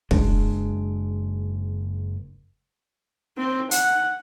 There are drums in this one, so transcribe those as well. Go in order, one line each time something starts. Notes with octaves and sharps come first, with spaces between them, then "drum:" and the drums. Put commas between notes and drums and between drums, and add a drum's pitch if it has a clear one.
F#1 G#3 D4, drum: kick
C4
F#5, drum: hi-hat